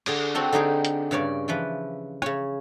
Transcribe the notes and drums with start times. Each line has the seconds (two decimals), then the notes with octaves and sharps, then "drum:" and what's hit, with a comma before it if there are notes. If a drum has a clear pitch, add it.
0.06 D3 G#4 D5, drum: cymbal
0.35 C4 F#4 A4
0.53 D3 D#4 G4 G#4
0.85 drum: hi-hat
1.11 G2 C#3 C#5 D5
1.48 E3 F3 B4
2.22 C#3 C#5, drum: rim click